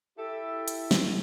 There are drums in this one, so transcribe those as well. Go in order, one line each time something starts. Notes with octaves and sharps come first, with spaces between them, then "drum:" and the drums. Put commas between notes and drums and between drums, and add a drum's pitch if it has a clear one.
E4 G4 A4 E5
drum: hi-hat
drum: snare